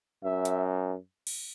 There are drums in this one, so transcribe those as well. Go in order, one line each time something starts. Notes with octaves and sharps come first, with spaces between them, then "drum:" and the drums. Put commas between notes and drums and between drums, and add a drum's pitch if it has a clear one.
F#2 E5
drum: hi-hat
drum: cymbal